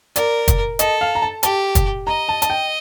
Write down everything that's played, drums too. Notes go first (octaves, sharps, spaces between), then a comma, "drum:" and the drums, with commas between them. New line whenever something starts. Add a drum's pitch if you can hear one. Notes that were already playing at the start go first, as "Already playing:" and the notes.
A#4 D5, drum: hi-hat
drum: kick, hi-hat
A4 D#5, drum: hi-hat
F5
A#5
A5
G4 A5, drum: hi-hat
drum: kick, hi-hat
D#5 A#5
A5
A5, drum: hi-hat
G5